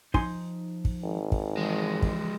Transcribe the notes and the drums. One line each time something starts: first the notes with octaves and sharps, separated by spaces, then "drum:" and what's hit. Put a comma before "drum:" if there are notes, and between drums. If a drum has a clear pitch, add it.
F3 D#4 G#5 C6, drum: kick
drum: kick
G#1
drum: kick
E3 F3 G#3
drum: kick